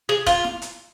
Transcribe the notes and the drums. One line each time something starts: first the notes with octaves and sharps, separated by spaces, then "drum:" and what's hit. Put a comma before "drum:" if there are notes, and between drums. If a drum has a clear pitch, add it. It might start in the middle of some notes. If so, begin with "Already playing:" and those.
G#4
F4, drum: kick, hi-hat
drum: snare E4
drum: hi-hat